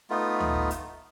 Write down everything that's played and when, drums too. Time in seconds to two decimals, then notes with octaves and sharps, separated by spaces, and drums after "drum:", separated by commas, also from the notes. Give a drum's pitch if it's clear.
0.10 A3 B3 D#4 F4
0.40 drum: tom D2
0.55 drum: kick G1
0.71 drum: hi-hat